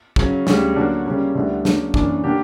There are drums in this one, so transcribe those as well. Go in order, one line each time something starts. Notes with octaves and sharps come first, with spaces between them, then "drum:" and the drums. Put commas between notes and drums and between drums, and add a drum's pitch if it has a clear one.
C#3 F#3 C#4, drum: kick
D2 C#3 G3, drum: snare
D3 F#3 A#3 D4 F#4
C#3 G3 A#3 C#4
D2 D3 G3 B3 E4
C#3 F#3 A#3 D4, drum: snare
F#2 E3 A#3 D4, drum: kick
D3 A#3 D4 G4